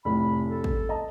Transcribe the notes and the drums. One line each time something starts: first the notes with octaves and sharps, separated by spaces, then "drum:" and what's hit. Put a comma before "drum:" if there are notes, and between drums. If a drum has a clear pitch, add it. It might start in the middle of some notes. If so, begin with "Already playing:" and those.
F1 A2 B5
A4
drum: kick
D#5 A5 A#5